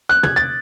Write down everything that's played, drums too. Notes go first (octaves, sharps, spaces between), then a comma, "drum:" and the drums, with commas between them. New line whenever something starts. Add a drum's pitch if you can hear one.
F#6
G#6, drum: tom
A6